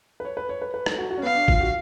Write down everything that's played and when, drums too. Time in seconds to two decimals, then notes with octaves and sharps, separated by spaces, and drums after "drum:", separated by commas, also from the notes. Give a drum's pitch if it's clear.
0.20 B4
0.25 C#5
0.37 B4
0.49 C#5
0.62 B4
0.74 B4
0.86 A4, drum: rim click
0.98 F#4
1.11 F#4
1.18 C#4
1.23 B3 F5
1.35 D4
1.48 F4, drum: kick G1
1.60 F#4